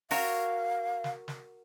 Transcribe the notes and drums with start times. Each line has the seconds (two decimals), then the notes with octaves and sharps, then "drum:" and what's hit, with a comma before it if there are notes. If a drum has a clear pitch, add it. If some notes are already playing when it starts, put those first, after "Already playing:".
0.11 F#4 A#4 C#5 F5, drum: open hi-hat
1.04 drum: snare
1.28 drum: snare